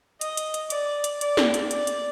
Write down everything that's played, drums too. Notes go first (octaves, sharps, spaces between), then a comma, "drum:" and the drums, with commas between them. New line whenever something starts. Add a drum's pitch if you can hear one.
D#5, drum: hi-hat
drum: hi-hat
drum: hi-hat
D5, drum: hi-hat
drum: hi-hat
D5, drum: hi-hat
drum: snare
drum: hi-hat
D5, drum: hi-hat
drum: hi-hat